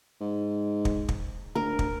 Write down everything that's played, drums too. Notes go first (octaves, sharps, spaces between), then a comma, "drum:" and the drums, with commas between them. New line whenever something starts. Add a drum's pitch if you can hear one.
G#2
drum: kick
drum: kick
D2 A#4
drum: kick